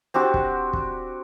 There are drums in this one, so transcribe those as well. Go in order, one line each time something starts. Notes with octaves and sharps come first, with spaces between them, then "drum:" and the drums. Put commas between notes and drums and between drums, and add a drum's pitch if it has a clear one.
C4 D4 F#4 G4
drum: kick
drum: kick